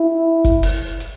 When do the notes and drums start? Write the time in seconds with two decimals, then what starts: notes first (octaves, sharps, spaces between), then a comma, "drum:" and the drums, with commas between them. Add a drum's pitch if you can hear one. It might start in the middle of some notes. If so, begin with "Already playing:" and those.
Already playing: E4
0.44 drum: kick F#1, hi-hat
0.63 drum: open hi-hat
1.00 drum: hi-hat